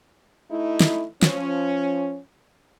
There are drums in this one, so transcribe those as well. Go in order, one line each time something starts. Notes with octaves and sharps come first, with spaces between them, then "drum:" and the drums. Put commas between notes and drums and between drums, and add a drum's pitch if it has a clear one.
A3 D#4 E4
drum: snare
F3 C#4, drum: snare